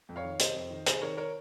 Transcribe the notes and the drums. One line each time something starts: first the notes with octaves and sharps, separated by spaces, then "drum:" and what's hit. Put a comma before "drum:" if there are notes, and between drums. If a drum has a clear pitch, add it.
F2
C#5 F5
D#3
C3 C5 D#5, drum: hi-hat
F2
D#3
C3 G#4 C5, drum: hi-hat
D#3 A#4 C#5
A#4 C#5